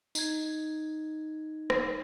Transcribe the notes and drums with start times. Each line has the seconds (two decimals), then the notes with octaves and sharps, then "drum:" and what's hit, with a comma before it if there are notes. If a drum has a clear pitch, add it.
0.15 D#4 G#6, drum: tambourine
1.70 drum: rim click